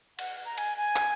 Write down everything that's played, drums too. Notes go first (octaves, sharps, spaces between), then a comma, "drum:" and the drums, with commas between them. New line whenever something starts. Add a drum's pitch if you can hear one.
F#5, drum: cymbal
A#5
G#5, drum: cymbal
G#5
drum: clap